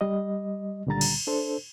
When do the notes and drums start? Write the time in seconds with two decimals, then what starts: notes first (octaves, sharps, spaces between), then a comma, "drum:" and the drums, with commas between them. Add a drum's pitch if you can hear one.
0.01 G3 D#5
0.87 C#2 A#2 D3 G3 A#5 A6
1.01 drum: cymbal
1.27 D4 A4 C5